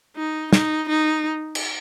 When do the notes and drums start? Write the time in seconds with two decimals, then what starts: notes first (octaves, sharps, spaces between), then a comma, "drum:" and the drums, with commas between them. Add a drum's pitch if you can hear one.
0.16 D#4
0.53 D#4, drum: snare
0.89 D#4
1.55 drum: cymbal